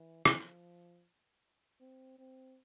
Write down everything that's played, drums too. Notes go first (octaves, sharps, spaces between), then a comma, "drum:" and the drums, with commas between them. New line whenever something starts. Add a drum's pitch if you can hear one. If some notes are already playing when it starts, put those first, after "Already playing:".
Already playing: E3
F3, drum: rim click
C4
C4